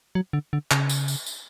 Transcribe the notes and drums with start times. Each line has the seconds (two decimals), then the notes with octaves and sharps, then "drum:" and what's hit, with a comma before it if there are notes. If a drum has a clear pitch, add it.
0.15 F#3
0.33 D3
0.53 D3
0.71 C#3, drum: clap
0.89 drum: tambourine
1.08 drum: tambourine
1.26 drum: tambourine